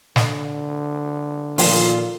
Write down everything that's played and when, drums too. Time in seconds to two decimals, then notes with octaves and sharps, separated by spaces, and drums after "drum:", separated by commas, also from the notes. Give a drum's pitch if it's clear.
0.16 D3, drum: snare
1.58 A#2 D#3 F3 A3 F4, drum: open hi-hat